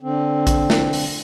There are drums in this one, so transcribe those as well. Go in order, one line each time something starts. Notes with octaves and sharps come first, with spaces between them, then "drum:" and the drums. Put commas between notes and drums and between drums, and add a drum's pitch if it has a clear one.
D3 C4
drum: kick A#1, hi-hat
drum: snare
drum: open hi-hat